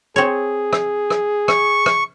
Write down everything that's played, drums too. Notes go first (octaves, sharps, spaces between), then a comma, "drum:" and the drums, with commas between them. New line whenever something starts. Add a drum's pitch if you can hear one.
C4 G#4 C#5
drum: rim click
drum: rim click
C#6, drum: rim click
drum: rim click